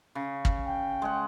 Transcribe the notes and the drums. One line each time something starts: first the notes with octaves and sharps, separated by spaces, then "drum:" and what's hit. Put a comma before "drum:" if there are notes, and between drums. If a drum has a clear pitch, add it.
C#3
drum: kick
G5
G#3 F#5